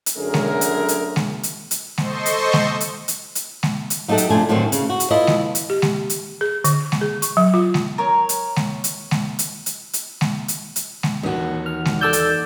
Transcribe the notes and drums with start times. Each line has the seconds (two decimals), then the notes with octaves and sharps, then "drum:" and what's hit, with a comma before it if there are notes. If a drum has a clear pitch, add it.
0.06 drum: hi-hat
0.16 F#2 D3 F#3 A3 G#4 A#4
0.34 drum: snare G#3
0.61 drum: hi-hat
0.89 drum: hi-hat
1.16 drum: snare G#3
1.43 drum: hi-hat
1.71 drum: hi-hat
1.98 A4 C5 D#5 C6 C#6, drum: snare G#3
2.26 drum: hi-hat
2.53 drum: snare G#3
2.80 drum: hi-hat
3.08 drum: hi-hat
3.35 drum: hi-hat
3.63 drum: snare G#3
3.90 drum: hi-hat
4.08 F#3 D#4 G4 A4 E5 F#5
4.18 drum: hi-hat
4.30 C3 F3 A3 D4 E4 G#5
4.49 A2 D3 D#3 F#3 G3 C4
4.72 C#3, drum: hi-hat
4.90 F#4
5.00 drum: hi-hat
5.10 E4 F4 A4 B4 D#5
5.27 drum: snare G#3
5.55 drum: hi-hat
5.70 G4
5.82 drum: snare G#3
6.10 drum: hi-hat
6.41 G#4
6.64 D3, drum: hi-hat
6.92 drum: snare G#3
7.01 G#4
7.22 C#6, drum: hi-hat
7.37 F#3
7.54 F4
7.74 drum: snare G#3
7.98 A#4 C#5
8.29 drum: hi-hat
8.56 drum: snare G#3
8.84 drum: hi-hat
9.11 drum: snare G#3
9.39 drum: hi-hat
9.66 drum: hi-hat
9.93 drum: hi-hat
10.21 drum: snare G#3
10.48 drum: hi-hat
10.76 drum: hi-hat
11.03 drum: snare G#3
11.23 D#2 E3 D#4 F#4 F#5
11.66 F6
11.85 drum: snare G#3
12.01 A4 D5 E6 G6
12.13 drum: hi-hat